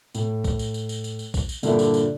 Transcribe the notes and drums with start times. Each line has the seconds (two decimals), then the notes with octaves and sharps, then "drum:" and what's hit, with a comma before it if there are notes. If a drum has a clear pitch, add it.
0.15 A2, drum: tambourine
0.44 drum: kick, tambourine
0.59 drum: tambourine
0.74 drum: tambourine
0.89 drum: tambourine
1.04 drum: tambourine
1.19 drum: tambourine
1.34 drum: kick, tambourine
1.49 drum: tambourine
1.63 G2 A#2 D3 E4, drum: tambourine
1.79 drum: tambourine
1.94 drum: tambourine